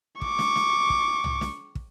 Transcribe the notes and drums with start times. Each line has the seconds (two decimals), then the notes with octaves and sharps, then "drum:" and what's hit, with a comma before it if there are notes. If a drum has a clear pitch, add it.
0.22 C#6 D6, drum: kick
0.39 drum: snare
0.56 drum: snare
0.90 drum: kick
1.24 drum: tom
1.41 drum: snare
1.75 drum: kick